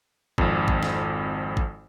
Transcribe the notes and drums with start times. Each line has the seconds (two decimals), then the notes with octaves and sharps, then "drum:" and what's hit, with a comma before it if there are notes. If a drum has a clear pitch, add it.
0.38 G#1 F2, drum: kick
0.68 drum: kick
0.83 drum: snare
1.57 drum: kick